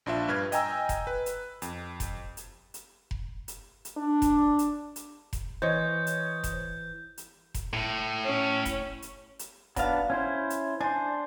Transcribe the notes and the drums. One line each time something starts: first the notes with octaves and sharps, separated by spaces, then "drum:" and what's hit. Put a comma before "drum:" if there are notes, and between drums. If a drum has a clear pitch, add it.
A#1 D4 F4 E5 A5
G2 B4 F6 G#6
D#5 G5 G#5 A#5 E6, drum: hi-hat
drum: kick F1, hi-hat
B4
drum: hi-hat
F2, drum: hi-hat
drum: kick F1, hi-hat
drum: hi-hat
drum: hi-hat
drum: kick F1
drum: hi-hat
drum: hi-hat
D4
drum: kick F1, hi-hat
drum: hi-hat
drum: hi-hat
drum: kick F1, hi-hat
E3 C5 C#5 D#5 G6
drum: hi-hat
drum: kick F1, hi-hat
drum: hi-hat
drum: kick F1, hi-hat
A2
C#4
drum: kick F1, hi-hat
drum: hi-hat
drum: hi-hat
F#3 B3 D4 F5, drum: kick F1, hi-hat
C#4 E4 C5
drum: hi-hat
D4 C5 G#5